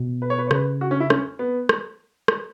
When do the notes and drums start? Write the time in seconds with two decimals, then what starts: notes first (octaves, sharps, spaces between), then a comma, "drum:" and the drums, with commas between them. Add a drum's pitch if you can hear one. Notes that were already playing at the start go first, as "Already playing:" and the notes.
Already playing: B2
0.22 B4
0.30 C#5
0.38 B4
0.47 C#5
0.51 C#3 B4, drum: rim click
0.81 F#4
0.91 C#4
1.00 E4
1.10 C#4, drum: rim click
1.39 B3
1.69 drum: rim click
2.28 drum: rim click